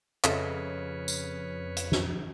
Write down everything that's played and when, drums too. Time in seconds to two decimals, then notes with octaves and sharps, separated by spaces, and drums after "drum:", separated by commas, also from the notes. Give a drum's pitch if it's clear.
0.24 F2 C#3 A4 B4 C#5 D#5 E5, drum: clap
1.08 drum: tambourine
1.77 drum: hi-hat
1.92 drum: snare